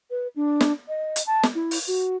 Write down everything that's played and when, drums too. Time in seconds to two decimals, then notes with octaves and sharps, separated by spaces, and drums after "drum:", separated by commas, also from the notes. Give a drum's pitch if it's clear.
0.10 B4
0.36 D4
0.61 drum: snare
0.88 D#5
1.16 drum: hi-hat
1.26 A5
1.43 drum: snare
1.55 E4
1.71 drum: open hi-hat
1.87 F#4